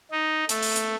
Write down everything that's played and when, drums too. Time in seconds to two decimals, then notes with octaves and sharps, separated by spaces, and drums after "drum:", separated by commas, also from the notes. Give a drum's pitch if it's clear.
0.11 D#4
0.49 A3, drum: hi-hat
0.63 drum: open hi-hat
0.76 drum: hi-hat